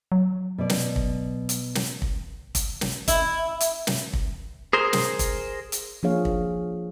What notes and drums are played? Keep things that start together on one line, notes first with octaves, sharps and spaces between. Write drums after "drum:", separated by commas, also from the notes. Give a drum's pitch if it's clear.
F#3
B2 D5
drum: snare
drum: kick
drum: hi-hat
drum: snare
drum: kick
drum: kick, hi-hat
drum: snare
E4, drum: kick, hi-hat
drum: hi-hat
drum: snare
drum: kick
G#4 A#4 C5
drum: snare
drum: kick, hi-hat
drum: hi-hat
F3 A#3 D4 G#4 C#5 F5
drum: kick